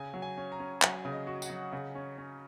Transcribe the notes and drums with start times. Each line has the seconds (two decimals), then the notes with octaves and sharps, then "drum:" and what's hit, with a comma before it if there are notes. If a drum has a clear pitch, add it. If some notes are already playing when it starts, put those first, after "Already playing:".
Already playing: C#3 G#5
0.14 F#3
0.22 G#5
0.37 C#4
0.52 A#5
0.59 C#4
0.82 F#3 G#5, drum: clap
1.05 C#3
1.12 D#5
1.27 F#4
1.42 F#5, drum: tambourine
1.50 F#3
1.73 C#3
1.95 C#4
2.18 C#4